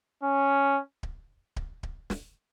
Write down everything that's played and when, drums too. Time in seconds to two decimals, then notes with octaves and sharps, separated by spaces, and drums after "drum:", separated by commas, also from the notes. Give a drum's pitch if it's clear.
0.23 C#4
1.03 drum: kick D1
1.56 drum: kick D1
1.83 drum: kick D1
2.10 drum: snare